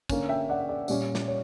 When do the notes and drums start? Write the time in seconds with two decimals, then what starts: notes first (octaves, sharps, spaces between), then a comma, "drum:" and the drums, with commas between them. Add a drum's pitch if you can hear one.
0.09 D3 A#3 C#4, drum: kick, tambourine
0.29 E5 G5
0.49 D5 F#5
0.69 D5
0.88 A#2 G3 C#4 D5, drum: tambourine
1.15 drum: snare
1.28 C#5